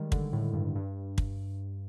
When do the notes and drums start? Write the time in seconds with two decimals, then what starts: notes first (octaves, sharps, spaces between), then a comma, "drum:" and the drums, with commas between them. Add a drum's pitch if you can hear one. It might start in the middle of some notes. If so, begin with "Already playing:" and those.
Already playing: D#3 G3 G#3
0.12 D3, drum: kick
0.33 A2
0.54 G2
0.76 G2
1.18 drum: kick